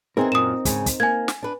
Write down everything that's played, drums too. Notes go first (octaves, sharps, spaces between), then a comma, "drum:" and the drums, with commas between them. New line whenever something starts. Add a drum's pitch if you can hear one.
E3 F#3 C4 D#4 G#4 A#4
F#2 A#2 D#6 E7
G#2 C#3 G#3, drum: kick, hi-hat
drum: kick, hi-hat
A#3 G#5 G#6
drum: snare
D4 B4